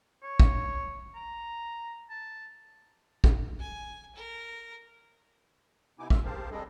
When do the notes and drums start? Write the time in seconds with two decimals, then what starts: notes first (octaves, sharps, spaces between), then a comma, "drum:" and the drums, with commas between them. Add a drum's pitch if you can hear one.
0.22 C#5
0.40 drum: kick
1.15 A#5
2.10 A5
3.24 drum: kick
3.59 G#5
4.16 A#4
5.99 C3 B3 D#4 E4 G#5 D6
6.10 F4 E5 E6 F6, drum: kick
6.25 G4 G#4 A#4 C5 F5 A5
6.51 G3 C4 D4 G#4 A4 D#5